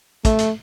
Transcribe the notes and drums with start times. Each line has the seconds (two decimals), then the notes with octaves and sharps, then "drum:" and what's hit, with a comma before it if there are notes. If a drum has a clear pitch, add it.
0.25 A3, drum: kick, hi-hat
0.39 drum: hi-hat